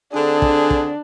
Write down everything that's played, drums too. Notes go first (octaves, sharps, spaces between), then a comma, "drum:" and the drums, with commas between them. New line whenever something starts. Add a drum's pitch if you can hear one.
D3 C4 D4 G#4
drum: kick
drum: kick